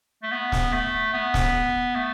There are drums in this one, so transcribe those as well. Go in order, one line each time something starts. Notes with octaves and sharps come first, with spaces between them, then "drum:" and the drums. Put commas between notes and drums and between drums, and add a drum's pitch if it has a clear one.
A3
B3
drum: snare
A3
B3
drum: snare
A3